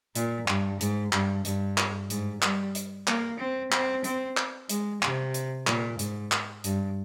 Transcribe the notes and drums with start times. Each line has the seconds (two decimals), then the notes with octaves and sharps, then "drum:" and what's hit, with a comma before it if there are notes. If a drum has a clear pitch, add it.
0.15 A#2, drum: hi-hat
0.48 G2, drum: clap
0.81 G#2, drum: hi-hat
1.13 G2, drum: clap
1.45 G2, drum: hi-hat
1.78 drum: clap
2.10 G#2, drum: hi-hat
2.42 G3, drum: clap
2.75 drum: hi-hat
3.07 A#3, drum: clap
3.40 C4
3.72 C4, drum: clap
4.04 C4, drum: hi-hat
4.37 drum: clap
4.69 G#3, drum: hi-hat
5.02 C3, drum: clap
5.34 drum: hi-hat
5.67 A#2, drum: clap
5.99 G#2, drum: hi-hat
6.32 drum: clap
6.64 G2, drum: hi-hat